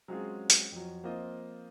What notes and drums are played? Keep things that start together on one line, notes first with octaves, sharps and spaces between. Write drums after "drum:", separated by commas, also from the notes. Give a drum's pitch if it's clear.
F#3 G#3 C4 C#4 F4 G#4
drum: hi-hat
F2 F3 F#3
F3 A#3 C4 F4 D#5